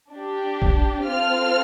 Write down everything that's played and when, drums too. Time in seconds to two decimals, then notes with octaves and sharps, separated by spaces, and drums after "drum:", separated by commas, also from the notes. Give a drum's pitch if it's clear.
0.12 D4 G4
0.62 drum: kick A1
1.05 C4 F4 A4 F6